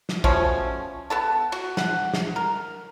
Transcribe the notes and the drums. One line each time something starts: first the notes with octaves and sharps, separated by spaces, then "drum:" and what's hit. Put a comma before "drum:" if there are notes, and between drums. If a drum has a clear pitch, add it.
drum: snare
B2 F3 A3 C#4, drum: kick
B3 A4 A5
F#4, drum: cymbal
F#5, drum: snare
drum: snare
A#4